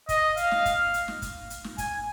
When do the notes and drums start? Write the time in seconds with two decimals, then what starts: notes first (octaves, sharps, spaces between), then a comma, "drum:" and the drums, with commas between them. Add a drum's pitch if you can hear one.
0.09 D#5, drum: kick, hi-hat
0.37 F5, drum: hi-hat
0.51 drum: snare
0.65 drum: kick, hi-hat
0.94 drum: hi-hat
1.08 drum: snare
1.22 drum: kick, hi-hat
1.50 drum: hi-hat
1.64 drum: snare
1.78 G#5, drum: kick, hi-hat